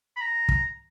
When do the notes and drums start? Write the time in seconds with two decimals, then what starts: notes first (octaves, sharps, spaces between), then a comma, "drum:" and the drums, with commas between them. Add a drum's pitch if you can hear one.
0.16 B5
0.21 A#5
0.49 drum: kick